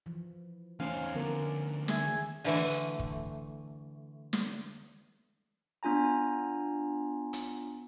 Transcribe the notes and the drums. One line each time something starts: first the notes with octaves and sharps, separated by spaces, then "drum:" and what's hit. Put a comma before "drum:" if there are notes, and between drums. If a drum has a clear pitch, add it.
E3 F3
E2 A3 C#4 D#4 C5 F5 G#5
D2 D3 F3 B3 A#4
G#4 E5 G#5, drum: snare
D3 E3 A3, drum: open hi-hat
drum: hi-hat
drum: kick
drum: snare
B3 D4 F4 G#5 A#5
drum: hi-hat